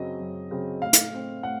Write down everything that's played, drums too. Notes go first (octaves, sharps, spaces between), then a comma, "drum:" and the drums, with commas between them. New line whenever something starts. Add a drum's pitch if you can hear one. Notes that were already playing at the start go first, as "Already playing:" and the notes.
Already playing: F#2 C#3 F#3 C4 D#5
F#2
C#3 F#3 C4
A2 F5
drum: hi-hat
A3 C4
A2 F#5